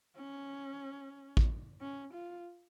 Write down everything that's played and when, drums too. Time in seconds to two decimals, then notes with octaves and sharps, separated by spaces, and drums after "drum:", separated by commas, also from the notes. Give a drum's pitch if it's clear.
0.17 C#4
1.37 drum: kick A1
1.81 C#4
2.14 F4